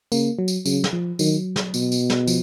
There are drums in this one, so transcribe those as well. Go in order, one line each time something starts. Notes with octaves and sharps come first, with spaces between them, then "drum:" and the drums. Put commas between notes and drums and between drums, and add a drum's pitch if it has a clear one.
C#3 A#3, drum: tambourine
F#3
drum: tambourine
C#3 F#3, drum: tambourine
drum: snare
F3
D#3 F#3, drum: tambourine
drum: snare
B2, drum: tambourine
drum: tambourine
drum: snare
F3, drum: tambourine